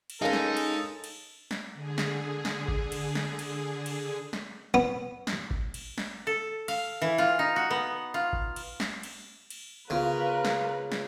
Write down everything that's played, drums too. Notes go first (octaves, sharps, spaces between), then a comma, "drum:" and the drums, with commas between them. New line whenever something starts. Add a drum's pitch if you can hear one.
drum: cymbal
G#3 C#4 D#4 A4 A#4 F5
drum: snare
drum: cymbal
drum: cymbal
drum: snare
D3 G#4
drum: snare
drum: snare
drum: kick G#1
drum: cymbal
drum: snare
drum: cymbal
drum: cymbal
drum: snare
B3
drum: snare
drum: kick G#1
drum: cymbal
drum: snare
A4
F5, drum: cymbal
E3
F4
D#4
F#4
B3
F4
drum: kick G#1
drum: cymbal
drum: snare
drum: cymbal
drum: cymbal
C#3 B3 F4 A#4 B4 C#5 F5
drum: snare
drum: snare